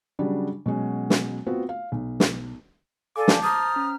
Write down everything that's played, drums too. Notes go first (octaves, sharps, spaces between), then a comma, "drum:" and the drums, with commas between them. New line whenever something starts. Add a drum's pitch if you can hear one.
C#3 F#3 G3 D4
B2 F#3 G#3 C#4
drum: snare
B3 C4 F4 F#4
F5
B1
drum: snare
A4 D5 F5 G#5 D6
A5 G6, drum: snare
C5 A#5 D#6 F6 G6 A6
C#4